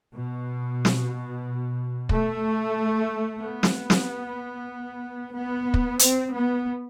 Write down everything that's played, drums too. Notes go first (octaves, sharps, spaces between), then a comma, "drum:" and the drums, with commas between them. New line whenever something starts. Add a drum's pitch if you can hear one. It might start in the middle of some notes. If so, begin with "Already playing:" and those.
B2
drum: snare
A3, drum: kick
B3
drum: snare
drum: snare
B3
drum: kick
C4, drum: hi-hat
B3